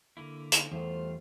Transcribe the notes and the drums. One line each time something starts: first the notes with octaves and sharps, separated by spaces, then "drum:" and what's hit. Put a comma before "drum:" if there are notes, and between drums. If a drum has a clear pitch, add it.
D3 A#3 E4
drum: hi-hat
E2 G3 A3 F4 C5